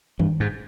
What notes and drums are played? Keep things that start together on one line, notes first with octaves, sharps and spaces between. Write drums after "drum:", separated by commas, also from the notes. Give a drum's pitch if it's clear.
G2, drum: tom D#3
G#2